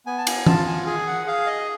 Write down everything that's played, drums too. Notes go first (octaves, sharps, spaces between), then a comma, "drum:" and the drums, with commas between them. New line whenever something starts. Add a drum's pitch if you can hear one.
B3 G#5
A5
G#5, drum: cymbal
F4 A5, drum: tom E3
G#5
G#4 G#5
F#5
G#4 F5
D#5